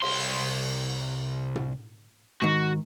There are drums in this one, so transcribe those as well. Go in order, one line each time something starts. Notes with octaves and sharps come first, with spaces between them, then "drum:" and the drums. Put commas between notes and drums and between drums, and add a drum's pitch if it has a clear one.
C2 C6, drum: cymbal
drum: tom
G#2 D#3 F#4